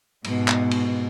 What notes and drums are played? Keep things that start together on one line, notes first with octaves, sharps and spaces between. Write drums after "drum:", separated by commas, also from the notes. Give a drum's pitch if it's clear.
G#2 B2, drum: cymbal
drum: clap
drum: cymbal